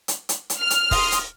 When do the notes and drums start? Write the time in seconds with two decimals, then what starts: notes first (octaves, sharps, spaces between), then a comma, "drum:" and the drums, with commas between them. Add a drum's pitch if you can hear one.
0.08 drum: hi-hat
0.29 drum: hi-hat
0.50 drum: hi-hat
0.60 F6
0.70 drum: hi-hat
0.91 C6 D#6, drum: kick, open hi-hat
1.12 drum: hi-hat